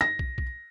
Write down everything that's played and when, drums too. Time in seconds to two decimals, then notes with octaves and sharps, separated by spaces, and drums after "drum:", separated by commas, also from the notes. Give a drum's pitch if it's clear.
0.01 A#6
0.19 drum: kick
0.38 drum: kick